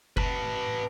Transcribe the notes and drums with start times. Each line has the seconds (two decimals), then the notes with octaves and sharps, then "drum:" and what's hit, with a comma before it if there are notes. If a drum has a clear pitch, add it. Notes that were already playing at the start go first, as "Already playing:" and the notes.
0.17 B4 A5, drum: kick F#1